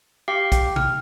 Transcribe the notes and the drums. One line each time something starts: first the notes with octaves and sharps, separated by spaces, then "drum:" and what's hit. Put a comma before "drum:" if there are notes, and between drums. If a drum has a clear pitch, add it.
G4 F5 G5 D6 C7
G5, drum: kick, hi-hat
F6, drum: tom C3